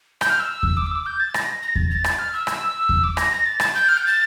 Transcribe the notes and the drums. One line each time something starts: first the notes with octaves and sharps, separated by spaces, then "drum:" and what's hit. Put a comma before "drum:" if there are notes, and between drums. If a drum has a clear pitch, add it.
G6, drum: rim click
F6
E6
drum: kick E2
D6
E6
D6
G6
A6
A#6, drum: rim click
A#6
A6, drum: kick E2
A#6
A6
drum: rim click
F6
E6
drum: rim click
drum: kick E2
D6
A#6, drum: rim click
A#6
A6
A6, drum: rim click
G6
F6
G6
A6